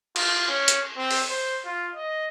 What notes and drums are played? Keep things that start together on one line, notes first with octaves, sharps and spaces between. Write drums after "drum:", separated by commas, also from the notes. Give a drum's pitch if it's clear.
F4, drum: cymbal
C#4
drum: hi-hat
C4
drum: open hi-hat
C5
F4
D#5